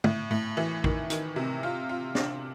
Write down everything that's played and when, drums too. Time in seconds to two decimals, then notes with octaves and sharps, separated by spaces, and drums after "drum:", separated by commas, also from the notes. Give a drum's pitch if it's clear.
0.04 A2, drum: tom
0.31 A2
0.57 E3
0.84 D#3, drum: kick
1.10 D#3, drum: hi-hat
1.36 C3
1.63 F4
1.89 F4
2.15 D4, drum: snare